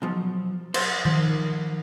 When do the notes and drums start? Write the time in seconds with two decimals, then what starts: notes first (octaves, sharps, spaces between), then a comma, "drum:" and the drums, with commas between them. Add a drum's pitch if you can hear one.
0.02 B2 F3 F#3
0.74 C5, drum: cymbal
1.05 D#3 F3